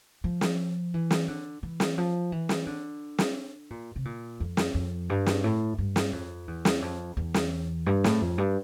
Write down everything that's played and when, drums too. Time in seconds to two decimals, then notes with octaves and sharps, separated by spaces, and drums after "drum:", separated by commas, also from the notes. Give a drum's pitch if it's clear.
0.24 F3
0.41 drum: snare
0.94 E3
1.11 drum: snare
1.28 D3
1.63 E3
1.80 drum: snare
1.98 F3
2.32 E3
2.49 drum: snare
2.66 D3
3.18 drum: snare
3.70 A#2
3.96 C3
4.05 A#2
4.40 F2
4.57 drum: snare
4.74 F2
5.10 G2
5.26 drum: snare
5.44 A2
5.78 G2
5.96 drum: snare
6.13 F2
6.48 E2
6.65 drum: snare
6.82 F2
7.17 E2
7.34 drum: snare
7.86 G2
8.04 A2, drum: snare
8.21 F2
8.38 G2